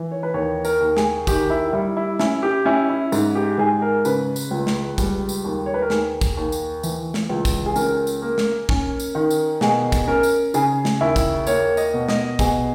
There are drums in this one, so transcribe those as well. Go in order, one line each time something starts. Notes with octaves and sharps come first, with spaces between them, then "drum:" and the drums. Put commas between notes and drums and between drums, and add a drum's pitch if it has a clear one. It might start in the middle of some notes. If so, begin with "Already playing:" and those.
Already playing: E3
C#5
B4
D#2 C#5
A#4, drum: tambourine
D#2
G#4, drum: snare
D#3 G4, drum: kick, tambourine
E4
G3 E4
E4
C#4 E4, drum: snare
G4
C#4 E4
E4
G#2, drum: tambourine
G4
G#2 G#4
A#4
C#3 B4, drum: tambourine
drum: tambourine
C#2
drum: snare
G3, drum: kick, tambourine
drum: tambourine
D#2
C#5
B4
A#4
D#2 G#4, drum: snare
drum: kick, tambourine
D#2
drum: tambourine
E3, drum: tambourine
drum: snare
C#2
drum: kick, tambourine
G#4
C#4 A#4, drum: tambourine
drum: tambourine
A#3
drum: snare
C#4, drum: kick
drum: tambourine
D#3
drum: tambourine
B2 G#4, drum: snare
drum: kick, tambourine
C#4 A#4
drum: tambourine
C#3 G#4, drum: tambourine
drum: snare
D#2 E4
drum: kick, tambourine
A#3 C#5, drum: tambourine
D#5, drum: tambourine
B2
D#5, drum: snare
B2 G#4, drum: kick, tambourine